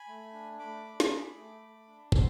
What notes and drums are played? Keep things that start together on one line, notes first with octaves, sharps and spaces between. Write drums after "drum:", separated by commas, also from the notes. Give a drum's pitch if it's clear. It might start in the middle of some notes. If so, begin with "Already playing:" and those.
Already playing: G#5 B5
A3
D4
A3 B5 D6
D4
drum: snare
G#4
A3
A3
D4
B3 C6 E6, drum: kick